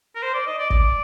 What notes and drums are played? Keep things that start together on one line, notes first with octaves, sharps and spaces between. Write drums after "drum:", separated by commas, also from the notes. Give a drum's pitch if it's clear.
A#4
C5
D5
D#5
D5
D5, drum: kick